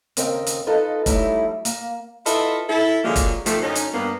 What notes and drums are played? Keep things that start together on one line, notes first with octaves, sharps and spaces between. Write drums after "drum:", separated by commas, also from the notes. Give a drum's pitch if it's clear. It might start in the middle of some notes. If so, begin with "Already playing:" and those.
D#2 C#3 C4 A#4 D#5 G5, drum: hi-hat
drum: hi-hat
D#4 F4 A4 B4 D#5
F#3 G3 A3 D#4 E4, drum: kick F1, hi-hat
A#3, drum: hi-hat
E4 F4 A4 B4 D#5 E5, drum: hi-hat
E4 A4
D3 F3 F#3 G#3 A#3
drum: kick F1, hi-hat
D#2 C3 F3 A3, drum: hi-hat
F#2 D3 C#4 D#4
drum: hi-hat
G2 A#3 B3